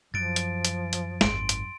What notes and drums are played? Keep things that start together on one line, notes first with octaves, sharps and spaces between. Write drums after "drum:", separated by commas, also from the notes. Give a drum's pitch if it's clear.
F#2 F3 A6 D7
drum: hi-hat
drum: hi-hat
drum: hi-hat
G#1 D#2 C6 D7, drum: snare
drum: hi-hat